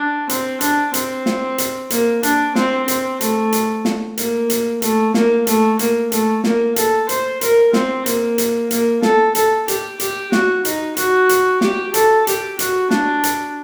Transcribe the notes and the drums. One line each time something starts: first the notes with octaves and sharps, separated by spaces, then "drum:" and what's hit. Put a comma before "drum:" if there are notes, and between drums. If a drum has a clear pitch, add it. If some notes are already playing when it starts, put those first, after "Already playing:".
Already playing: D4
C4, drum: hi-hat
D4, drum: hi-hat
C4, drum: hi-hat
drum: snare
drum: hi-hat
A#3, drum: hi-hat
D4, drum: hi-hat
C4, drum: snare
C4, drum: hi-hat
A3, drum: hi-hat
drum: hi-hat
drum: snare
A#3, drum: hi-hat
drum: hi-hat
A3, drum: hi-hat
A#3, drum: snare
A3, drum: hi-hat
A#3, drum: hi-hat
A3, drum: hi-hat
A#3, drum: snare
A4, drum: hi-hat
C5, drum: hi-hat
A#4, drum: hi-hat
C4, drum: snare
A#3, drum: hi-hat
drum: hi-hat
A#3, drum: hi-hat
A4, drum: snare
A4, drum: hi-hat
G4, drum: hi-hat
G4, drum: hi-hat
F#4, drum: snare
D#4, drum: hi-hat
F#4, drum: hi-hat
drum: hi-hat
G4, drum: snare
A4, drum: hi-hat
G4, drum: hi-hat
F#4, drum: hi-hat
D4, drum: snare
drum: hi-hat